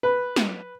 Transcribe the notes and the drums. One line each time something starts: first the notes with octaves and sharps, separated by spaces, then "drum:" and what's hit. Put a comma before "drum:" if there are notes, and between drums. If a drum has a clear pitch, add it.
B4
drum: snare